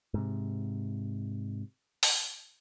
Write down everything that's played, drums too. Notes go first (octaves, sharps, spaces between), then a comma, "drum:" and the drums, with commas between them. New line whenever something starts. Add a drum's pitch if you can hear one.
G#2 C3
drum: open hi-hat